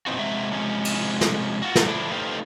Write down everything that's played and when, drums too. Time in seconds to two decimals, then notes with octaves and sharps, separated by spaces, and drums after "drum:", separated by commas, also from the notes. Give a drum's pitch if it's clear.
0.06 A#2 E3 B3 C4 D#4 F#4
0.19 C3 F#3 G#3 E5
0.51 C3 F3 G#3 C#4
0.85 drum: cymbal
1.21 drum: snare
1.62 F4 F#4
1.76 drum: snare
1.86 D3 F3 D4 E4
2.12 A3 D#4 G4 B4 C5 F5